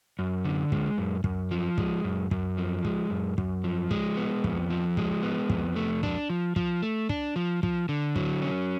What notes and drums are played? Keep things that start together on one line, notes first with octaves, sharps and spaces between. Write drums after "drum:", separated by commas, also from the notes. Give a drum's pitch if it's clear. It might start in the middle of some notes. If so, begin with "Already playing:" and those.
F#2
D3
G#3, drum: kick
F#2
F#2, drum: kick
F3
G#3, drum: kick
F#2
F#2, drum: kick
F3
G#3, drum: kick
F#2
F#2, drum: kick
F3
G#3, drum: kick
B3
F2, drum: kick
F3
G#3, drum: kick
B3
F2, drum: kick
A3
D4, drum: kick
F3
F3, drum: kick
A3
D4, drum: kick
F3
F3, drum: kick
D3
F#3, drum: kick
C#4